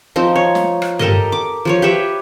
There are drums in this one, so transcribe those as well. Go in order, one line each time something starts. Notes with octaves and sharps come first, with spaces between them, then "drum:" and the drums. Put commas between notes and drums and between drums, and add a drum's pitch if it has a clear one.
F3 C4 D#4
C#5
drum: snare
drum: rim click
G4 A4 A#4 D#5, drum: tom G2
D6
F3 G#4 C#5
G4 B4 C#5 E5